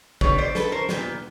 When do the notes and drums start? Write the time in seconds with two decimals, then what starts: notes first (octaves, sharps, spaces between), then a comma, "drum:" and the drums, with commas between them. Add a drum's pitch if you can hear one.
0.21 D3 G3 B3 B4 C#5, drum: kick G#1
0.38 C5 D5
0.55 A4 B4, drum: snare
0.72 A#4 C5
0.89 A#2 G3 B3, drum: snare